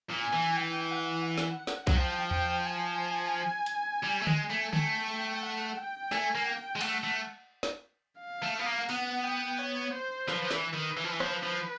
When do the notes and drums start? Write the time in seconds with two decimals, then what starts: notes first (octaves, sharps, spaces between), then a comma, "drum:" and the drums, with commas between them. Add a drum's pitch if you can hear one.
0.10 A#2
0.22 G#5
0.33 E3
0.57 G5
0.91 F#5
1.27 F#5
1.38 drum: snare
1.67 drum: snare
1.87 F#3, drum: kick B1
1.95 F3 G5
2.31 G5, drum: tom E2
2.65 G#5
3.66 drum: hi-hat
4.03 G3
4.22 A3
4.27 G#3, drum: tom D3
4.50 A3
4.73 A3 G5, drum: tom D3
5.43 F#5
5.77 G5
6.11 A3 G#5, drum: snare
6.35 A#3
6.46 G5
6.76 G#3
6.81 A3 F#5, drum: cymbal
7.04 A3
7.63 drum: snare
8.20 F5
8.42 A3
8.59 B3
8.66 A#3
8.89 B3 F#5, drum: open hi-hat
9.24 G5
9.59 C#5
9.93 C5
10.28 F3 B4, drum: snare
10.43 F3
10.51 E3, drum: snare
10.62 B4
10.73 D#3
10.97 E3
11.04 F3
11.12 E3
11.20 F3, drum: rim click
11.43 F3